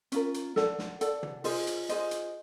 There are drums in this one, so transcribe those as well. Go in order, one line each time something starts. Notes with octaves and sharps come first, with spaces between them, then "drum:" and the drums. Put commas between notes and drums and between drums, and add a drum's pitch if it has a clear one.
C#4 F4 A#4, drum: hi-hat
drum: hi-hat
A4 D5 F#5, drum: snare
drum: snare
A4 D5 F#5, drum: hi-hat
drum: tom
F4 G#4 C5 D#5, drum: open hi-hat
drum: hi-hat
F4 G#4 C5 D#5, drum: hi-hat
drum: hi-hat